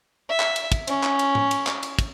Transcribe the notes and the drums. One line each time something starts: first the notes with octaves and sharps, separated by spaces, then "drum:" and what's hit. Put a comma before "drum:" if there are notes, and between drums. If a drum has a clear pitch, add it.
E5
drum: clap
drum: cymbal
drum: kick, cymbal
C#4, drum: cymbal
drum: clap
drum: cymbal
drum: tom A2
drum: cymbal
drum: clap
drum: cymbal
drum: kick, cymbal